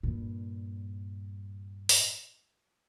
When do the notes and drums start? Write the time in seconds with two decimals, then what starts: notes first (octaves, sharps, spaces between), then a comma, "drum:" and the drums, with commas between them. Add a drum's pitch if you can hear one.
0.03 G2 A#2
1.89 drum: open hi-hat